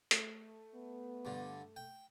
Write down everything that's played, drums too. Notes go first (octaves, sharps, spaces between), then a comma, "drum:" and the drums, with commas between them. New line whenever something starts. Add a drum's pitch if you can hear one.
A3, drum: hi-hat
B3
G2 D3
G5